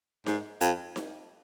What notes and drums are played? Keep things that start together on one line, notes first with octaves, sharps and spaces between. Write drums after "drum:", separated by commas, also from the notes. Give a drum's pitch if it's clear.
G#2, drum: snare D#4
F2, drum: hi-hat
drum: snare D#4